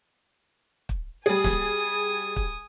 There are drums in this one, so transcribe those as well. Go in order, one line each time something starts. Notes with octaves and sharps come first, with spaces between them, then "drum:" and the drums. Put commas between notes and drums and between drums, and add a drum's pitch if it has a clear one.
drum: kick
G3 G#4 G#5 D#6
drum: snare
drum: kick